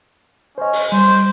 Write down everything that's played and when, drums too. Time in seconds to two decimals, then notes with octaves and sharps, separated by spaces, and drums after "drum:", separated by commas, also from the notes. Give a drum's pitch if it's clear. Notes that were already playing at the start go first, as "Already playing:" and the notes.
0.58 C#4 C5 D#5
0.73 drum: open hi-hat
0.92 G3 C5